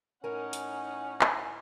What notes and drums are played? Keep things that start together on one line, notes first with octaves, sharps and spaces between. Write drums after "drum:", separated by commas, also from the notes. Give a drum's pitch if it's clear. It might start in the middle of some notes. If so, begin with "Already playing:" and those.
A2 C#4 D#4 A#4 F#5 G#5
drum: hi-hat
drum: clap